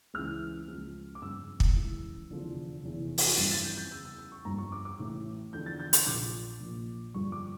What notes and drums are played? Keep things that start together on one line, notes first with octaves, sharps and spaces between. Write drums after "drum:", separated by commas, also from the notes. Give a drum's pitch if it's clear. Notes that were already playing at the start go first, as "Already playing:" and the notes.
C#2 C#3 E3 F6
C#2 C#3 F3
D6
G1 F2 C#3 E6
drum: kick
C#2 C#3 E3
F1 E2 D3 F3
F1 E2 E3
drum: open hi-hat
G1 F2 C#3 E3 A6
A6
G6
G6
E2 C#3 E3 E6
E6
E6
C#6
G1 G2 F3 A#5
C#6
D6
D6
A1 A2 E3
E2 D3 F3 G6
A6
G6
G6, drum: hi-hat
A#1 A#2 F3 D6
A#1 A#2 F3
G1 G2 D3 F3 C#6
D6